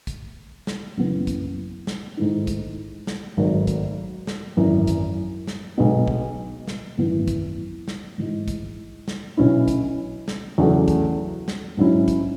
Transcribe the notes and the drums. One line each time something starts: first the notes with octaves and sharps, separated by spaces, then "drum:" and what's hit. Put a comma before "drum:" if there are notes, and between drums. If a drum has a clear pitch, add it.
drum: kick, hi-hat
drum: snare
F#1 F#2 C#3 E3 B3
drum: kick, hi-hat
drum: snare
G#2 D#3 A3 E4
drum: kick, hi-hat
drum: snare
G#1 G#2 F#3 A3
drum: kick, hi-hat
drum: snare
G#1 F#2 E3
drum: kick, hi-hat
drum: snare
B1 B2 G#3 B3 D#4
drum: kick
drum: snare
G#1 F#2 E3 B3
drum: kick, hi-hat
drum: snare
G#2 E3 G#3
drum: kick, hi-hat
drum: snare
B1 B2 F#3 C#4 E4
drum: kick, hi-hat
drum: snare
E2 C#3 F#3 A3
drum: kick, hi-hat
drum: snare
G#2 F#3 C#4 E4
drum: kick, hi-hat